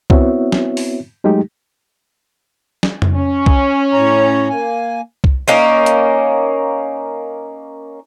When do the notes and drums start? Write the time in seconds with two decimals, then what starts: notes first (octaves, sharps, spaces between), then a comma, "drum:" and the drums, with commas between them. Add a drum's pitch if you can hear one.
0.10 B3 C4 E4 F#4 C#5 E5, drum: kick C2
0.52 drum: snare
0.77 drum: open hi-hat
1.24 F#3 G#3 A3 D#4 G4
2.83 drum: snare
3.02 drum: tom F2
3.14 C#4
3.46 drum: kick C2
3.93 A2 C#5 A#5
4.50 A#3 G#5
5.24 drum: kick C2
5.48 A#3 C#4 D#4
5.86 drum: hi-hat